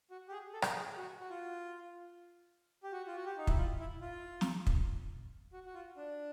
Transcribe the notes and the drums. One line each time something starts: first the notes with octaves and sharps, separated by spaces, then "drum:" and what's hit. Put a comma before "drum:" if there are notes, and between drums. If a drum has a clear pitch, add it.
F#4
G4
G#4
A4
drum: rim click
G#4
F#4
F#4
F4
G4
F#4
F4
F#4
G4
D#4
E4, drum: kick
F4
E4
F4
drum: snare
drum: kick
F#4
F#4
F4
D4